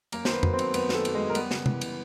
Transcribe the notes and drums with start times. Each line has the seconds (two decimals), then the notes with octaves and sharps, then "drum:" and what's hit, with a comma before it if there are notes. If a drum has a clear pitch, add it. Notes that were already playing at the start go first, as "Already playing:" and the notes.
0.12 F#2 A#3 A#4, drum: cymbal
0.25 D#3 C5, drum: snare
0.33 B3 B4
0.43 F#3, drum: tom F2
0.53 C4 C5
0.59 F#2, drum: cymbal
0.74 F#2 B3 B4, drum: cymbal
0.89 D#3, drum: snare
0.94 A3 A4
1.05 F#3, drum: cymbal
1.15 F#2 G#3 G#4
1.30 A#4
1.35 G3 B3 B4, drum: cymbal
1.51 C#3, drum: snare
1.66 E3, drum: tom C3
1.81 drum: cymbal